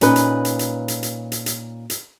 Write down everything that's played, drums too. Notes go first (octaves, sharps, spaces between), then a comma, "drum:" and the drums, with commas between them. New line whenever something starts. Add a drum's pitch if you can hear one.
A#2 C#4 D#4 B4, drum: hi-hat
drum: hi-hat
drum: hi-hat
drum: hi-hat
drum: hi-hat
drum: hi-hat
drum: hi-hat
drum: hi-hat
drum: hi-hat